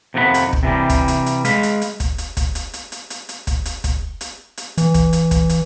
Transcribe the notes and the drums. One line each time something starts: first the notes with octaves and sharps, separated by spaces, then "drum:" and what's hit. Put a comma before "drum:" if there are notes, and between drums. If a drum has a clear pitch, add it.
F2 C3 D#3 F#4 F#5 B5
drum: hi-hat
drum: kick
C3 E3 G3
drum: kick, hi-hat
drum: hi-hat
drum: hi-hat
G#3 F5 B5, drum: hi-hat
drum: hi-hat
drum: hi-hat
drum: kick, hi-hat
drum: hi-hat
drum: kick, hi-hat
drum: hi-hat
drum: hi-hat
drum: hi-hat
drum: hi-hat
drum: hi-hat
drum: kick, hi-hat
drum: hi-hat
drum: kick, hi-hat
drum: hi-hat
drum: hi-hat
E3, drum: hi-hat
drum: kick, hi-hat
drum: hi-hat
drum: kick, hi-hat
drum: hi-hat